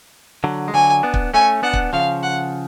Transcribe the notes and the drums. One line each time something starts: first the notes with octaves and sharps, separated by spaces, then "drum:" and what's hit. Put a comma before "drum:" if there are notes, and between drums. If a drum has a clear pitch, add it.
D3 F#3
G#3
D3 F#3 G#5
B3 D4
drum: kick
A3 C#4 G#5
B3 D4 F#5
drum: kick
C#3 F3 F5
F#5